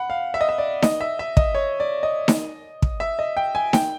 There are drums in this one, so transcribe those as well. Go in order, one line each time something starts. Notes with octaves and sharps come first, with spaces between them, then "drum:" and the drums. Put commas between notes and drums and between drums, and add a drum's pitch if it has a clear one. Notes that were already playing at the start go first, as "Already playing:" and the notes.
Already playing: F#5 B5
F5
E5
D#5
E5
D5
D#5, drum: snare D#4
E5
E5
D#5, drum: kick
C#5
D5
D#5
drum: snare D#4
drum: kick
E5
D#5
G5
G#5
G5, drum: snare D#4